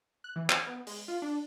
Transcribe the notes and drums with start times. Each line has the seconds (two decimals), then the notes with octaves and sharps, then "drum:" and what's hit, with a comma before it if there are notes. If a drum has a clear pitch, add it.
0.24 F#6
0.36 E3
0.50 C5, drum: clap
0.67 B3
0.87 G#3, drum: open hi-hat
1.08 F4
1.22 D4